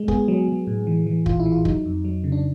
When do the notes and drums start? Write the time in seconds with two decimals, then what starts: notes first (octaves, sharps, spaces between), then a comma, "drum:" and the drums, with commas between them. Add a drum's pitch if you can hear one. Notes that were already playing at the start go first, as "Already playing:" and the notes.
Already playing: G#3
0.08 B3 G#4, drum: kick
0.28 F#3
0.48 F#3
0.67 A2
0.87 E3
1.07 E3
1.26 A#1 F4, drum: kick
1.40 E4
1.45 E3
1.52 F4
1.65 F#3 D#4, drum: kick
1.85 F2
2.05 F#3
2.24 C#3
2.32 D4